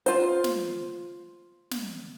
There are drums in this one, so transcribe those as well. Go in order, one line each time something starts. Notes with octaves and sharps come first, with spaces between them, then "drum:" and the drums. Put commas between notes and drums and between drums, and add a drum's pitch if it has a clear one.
F4 C5, drum: hi-hat
drum: snare
drum: snare